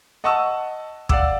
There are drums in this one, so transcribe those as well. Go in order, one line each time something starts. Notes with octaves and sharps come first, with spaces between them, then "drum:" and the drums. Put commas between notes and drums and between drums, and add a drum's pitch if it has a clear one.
D#5 F#5 A5 C#6 D#6 E6
D5 F5 F#5 D6 E6, drum: kick